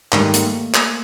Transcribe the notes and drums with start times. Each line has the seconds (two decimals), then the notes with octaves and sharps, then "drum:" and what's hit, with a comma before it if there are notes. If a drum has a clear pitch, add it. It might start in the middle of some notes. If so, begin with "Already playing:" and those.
0.12 G#2 D#3 G3 A3, drum: clap
0.34 A#3, drum: hi-hat
0.74 drum: clap